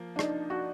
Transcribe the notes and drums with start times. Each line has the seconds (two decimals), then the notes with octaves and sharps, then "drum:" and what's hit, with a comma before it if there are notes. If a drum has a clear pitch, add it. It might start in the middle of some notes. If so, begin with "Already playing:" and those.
Already playing: F3 A#3
0.16 D4
0.19 D#4, drum: rim click
0.50 F#4